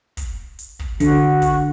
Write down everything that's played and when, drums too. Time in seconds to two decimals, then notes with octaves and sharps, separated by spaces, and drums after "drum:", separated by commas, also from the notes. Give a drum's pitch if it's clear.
0.17 drum: kick, hi-hat
0.59 drum: hi-hat
0.79 drum: kick
1.00 D3 F#4, drum: kick, hi-hat
1.42 drum: kick, hi-hat